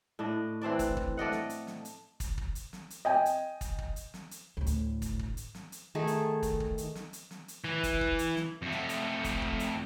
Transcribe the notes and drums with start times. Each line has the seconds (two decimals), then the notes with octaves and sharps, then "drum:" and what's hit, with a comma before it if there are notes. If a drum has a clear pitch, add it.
0.19 A2 D4 D#5
0.62 E3 C4 D4 D5
0.79 drum: kick, hi-hat
0.97 drum: kick
1.17 A3 D5 D#5 F#5
1.32 drum: snare
1.50 drum: hi-hat
1.67 drum: snare
1.85 drum: hi-hat
2.20 drum: kick, hi-hat
2.38 drum: kick
2.55 drum: hi-hat
2.73 drum: snare
2.90 drum: hi-hat
3.05 D#5 G5 G#5
3.26 drum: hi-hat
3.61 drum: kick, hi-hat
3.78 drum: kick
3.96 drum: hi-hat
4.14 drum: snare
4.31 drum: hi-hat
4.57 D2 A2
4.66 drum: hi-hat
5.02 drum: kick, hi-hat
5.19 drum: kick
5.37 drum: hi-hat
5.55 drum: snare
5.72 drum: hi-hat
5.95 D#3 A3 G#4 A4
6.07 drum: hi-hat
6.43 drum: kick, hi-hat
6.60 drum: kick
6.78 drum: hi-hat
6.95 drum: snare
7.13 drum: hi-hat
7.31 drum: snare
7.48 drum: hi-hat
7.64 E3
7.83 drum: kick, hi-hat
8.01 drum: kick
8.19 drum: hi-hat
8.36 drum: snare
8.62 F2 A3
8.71 drum: snare
8.89 drum: hi-hat
9.24 drum: kick, hi-hat
9.42 drum: kick
9.60 drum: hi-hat